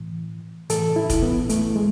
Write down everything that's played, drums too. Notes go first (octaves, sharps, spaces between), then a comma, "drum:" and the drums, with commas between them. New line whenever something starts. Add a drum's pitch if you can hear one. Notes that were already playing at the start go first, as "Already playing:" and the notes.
Already playing: A2 E3
A2 E3 A4, drum: hi-hat
E4
drum: kick, hi-hat
B3
A3, drum: hi-hat
G#3